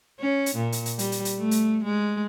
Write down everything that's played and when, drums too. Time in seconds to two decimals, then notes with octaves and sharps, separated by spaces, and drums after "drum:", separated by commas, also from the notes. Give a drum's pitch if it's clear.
0.20 C#4
0.46 drum: hi-hat
0.56 A#2
0.72 drum: hi-hat
0.86 drum: hi-hat
0.99 G3, drum: hi-hat
1.12 drum: hi-hat
1.25 drum: hi-hat
1.38 A3
1.51 drum: hi-hat
1.84 G#3